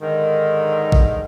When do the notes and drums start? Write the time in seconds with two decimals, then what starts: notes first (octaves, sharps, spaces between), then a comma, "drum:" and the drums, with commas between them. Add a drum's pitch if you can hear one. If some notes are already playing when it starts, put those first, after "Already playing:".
0.01 G#2 D3 D#3
0.92 drum: kick